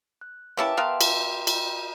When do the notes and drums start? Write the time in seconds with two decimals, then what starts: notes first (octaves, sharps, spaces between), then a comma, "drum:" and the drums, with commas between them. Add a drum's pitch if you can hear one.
0.21 F#6
0.57 A#3 C#4 E4 G4 B4 E5 G5 A5
0.77 B3 A#4 F5 G5 C6
1.01 drum: cymbal
1.47 drum: cymbal